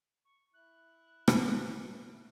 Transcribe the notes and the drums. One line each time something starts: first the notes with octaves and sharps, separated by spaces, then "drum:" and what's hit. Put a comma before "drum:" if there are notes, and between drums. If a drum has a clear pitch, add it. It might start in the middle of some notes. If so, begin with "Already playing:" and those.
C#6
E4 F#6
drum: rim click